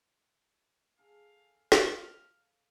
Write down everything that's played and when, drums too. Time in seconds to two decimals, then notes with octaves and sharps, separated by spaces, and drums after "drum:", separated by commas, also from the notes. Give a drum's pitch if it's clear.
0.99 G#4 A4 F5
1.72 F5 F6, drum: snare